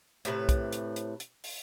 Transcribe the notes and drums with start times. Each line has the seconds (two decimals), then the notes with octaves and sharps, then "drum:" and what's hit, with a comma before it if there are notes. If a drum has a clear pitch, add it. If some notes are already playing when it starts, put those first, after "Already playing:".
0.25 A2 C3 B4, drum: hi-hat
0.49 drum: kick, hi-hat
0.73 drum: hi-hat
0.96 drum: hi-hat
1.20 drum: hi-hat
1.44 drum: open hi-hat